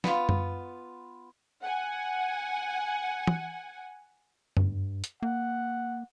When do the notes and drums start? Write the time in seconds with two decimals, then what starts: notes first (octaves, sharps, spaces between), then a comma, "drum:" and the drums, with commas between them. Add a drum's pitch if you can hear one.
0.04 B3 F4, drum: snare
0.29 drum: tom F#2
1.62 F#5 G#5
3.27 drum: tom
4.57 G2, drum: tom F#2
5.04 drum: hi-hat
5.22 A#3 F#5